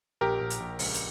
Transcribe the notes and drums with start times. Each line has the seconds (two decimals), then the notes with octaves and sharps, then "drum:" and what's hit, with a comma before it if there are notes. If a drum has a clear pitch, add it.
0.21 A#1 G4 A#4
0.41 A#1
0.50 drum: hi-hat
0.60 A#1
0.79 C#2, drum: open hi-hat
0.94 drum: hi-hat